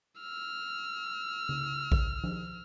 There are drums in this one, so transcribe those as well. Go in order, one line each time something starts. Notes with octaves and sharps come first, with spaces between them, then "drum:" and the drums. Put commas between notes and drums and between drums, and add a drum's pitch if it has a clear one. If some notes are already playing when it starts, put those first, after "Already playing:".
E6 F6
drum: tom C#3
drum: kick A1
drum: tom F3